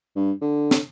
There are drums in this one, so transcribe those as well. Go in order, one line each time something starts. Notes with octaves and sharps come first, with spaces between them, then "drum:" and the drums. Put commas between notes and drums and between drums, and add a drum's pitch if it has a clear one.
G2
D3
drum: snare